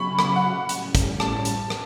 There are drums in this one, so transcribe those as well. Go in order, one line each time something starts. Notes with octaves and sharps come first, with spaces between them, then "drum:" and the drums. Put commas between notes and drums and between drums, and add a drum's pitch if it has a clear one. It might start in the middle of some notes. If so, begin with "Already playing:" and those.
Already playing: C#3 F#3 C#4 B5 C#6
B5, drum: rim click
F#5
A2 G3 C#4, drum: hi-hat
drum: kick, hi-hat
A5, drum: rim click
drum: hi-hat
drum: rim click